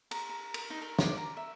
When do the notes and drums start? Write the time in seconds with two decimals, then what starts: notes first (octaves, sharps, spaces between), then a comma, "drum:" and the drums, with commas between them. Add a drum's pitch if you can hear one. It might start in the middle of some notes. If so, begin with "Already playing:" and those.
0.11 A#5, drum: cymbal
0.29 A#5
0.54 A#4, drum: cymbal
0.70 D#4
0.82 A#4
0.99 D5, drum: snare
1.18 A#5
1.37 E5